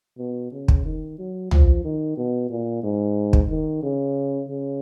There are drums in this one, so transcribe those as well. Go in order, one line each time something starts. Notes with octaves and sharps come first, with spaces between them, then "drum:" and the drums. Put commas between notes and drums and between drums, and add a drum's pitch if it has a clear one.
B2
C#3
drum: kick
D#3
F#3
F3, drum: tom
D#3
B2
A#2
G#2
drum: kick
D#3
C#3
C#3